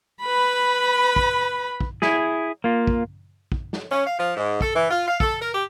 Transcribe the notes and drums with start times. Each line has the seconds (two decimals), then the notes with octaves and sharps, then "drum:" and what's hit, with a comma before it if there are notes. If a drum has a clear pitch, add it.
0.22 B4 B5
1.16 drum: kick
1.80 drum: kick
2.02 E4 G#4, drum: snare
2.64 A#3 F4
2.87 drum: kick
3.52 drum: kick
3.73 drum: snare
3.90 C#4
4.05 F5
4.17 F3
4.37 G#2
4.61 A4, drum: kick
4.74 E3
4.90 F4
5.07 F5
5.20 A4, drum: kick
5.39 A#4
5.54 G4